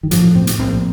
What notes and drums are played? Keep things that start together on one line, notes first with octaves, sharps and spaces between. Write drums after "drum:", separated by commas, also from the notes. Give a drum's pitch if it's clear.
D#3
A2 F3, drum: hi-hat
A2 C4
drum: hi-hat
A#1 C4